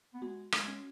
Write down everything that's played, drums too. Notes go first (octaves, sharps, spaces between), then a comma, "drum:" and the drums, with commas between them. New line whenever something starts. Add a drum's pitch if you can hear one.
B3
G#3 F#4
G#3, drum: rim click
C#4